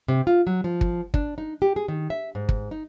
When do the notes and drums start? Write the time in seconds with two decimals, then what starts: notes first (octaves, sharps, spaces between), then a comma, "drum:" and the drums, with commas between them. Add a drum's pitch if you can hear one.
0.08 C3
0.27 F4
0.47 F#3
0.64 F3
0.81 drum: kick
1.14 D4, drum: kick
1.38 D#4
1.62 G4
1.76 G#4
1.88 D#3
2.10 E5
2.35 G#2
2.49 drum: kick
2.71 D#4